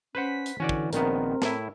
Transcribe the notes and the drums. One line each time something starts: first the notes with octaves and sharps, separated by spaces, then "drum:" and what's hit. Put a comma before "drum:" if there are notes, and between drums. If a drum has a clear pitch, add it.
C#4 B4 C5 F#5 B6
drum: hi-hat
D3 E3 C#4 F#4 D5
drum: kick
A#1 D#3 B3 C4 A#4, drum: hi-hat
A2 E4, drum: snare